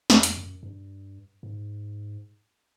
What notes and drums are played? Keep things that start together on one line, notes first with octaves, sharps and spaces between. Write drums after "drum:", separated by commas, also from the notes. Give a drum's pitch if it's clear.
E2, drum: snare
F2, drum: hi-hat
F#2
G2
G#2